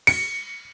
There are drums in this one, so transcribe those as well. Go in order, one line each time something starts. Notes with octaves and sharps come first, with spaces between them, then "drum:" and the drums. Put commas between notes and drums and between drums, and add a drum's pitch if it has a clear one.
C#7, drum: cymbal